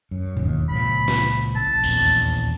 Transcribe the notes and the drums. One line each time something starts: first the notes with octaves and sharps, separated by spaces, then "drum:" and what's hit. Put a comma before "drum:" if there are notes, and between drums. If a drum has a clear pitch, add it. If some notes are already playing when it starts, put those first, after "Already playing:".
F#2
E1 D#2, drum: tom G2
C#2 A#2 F3 B5
drum: snare
A1 A5
D#1 A#1 E2, drum: cymbal